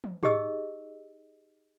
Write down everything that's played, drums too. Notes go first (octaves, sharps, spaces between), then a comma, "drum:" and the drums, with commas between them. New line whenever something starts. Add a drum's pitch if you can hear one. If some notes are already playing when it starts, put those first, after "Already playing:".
drum: tom
D#4 G4 G#4 D#5 E6, drum: tom